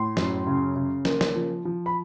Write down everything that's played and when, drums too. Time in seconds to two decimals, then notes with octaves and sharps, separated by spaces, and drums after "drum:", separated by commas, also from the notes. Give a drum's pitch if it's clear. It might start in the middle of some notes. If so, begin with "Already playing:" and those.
Already playing: A2 C6
0.17 F#2, drum: snare
0.47 C#3
0.76 C#3
1.05 A#3, drum: snare
1.21 drum: snare
1.35 F3
1.65 F3
1.86 B5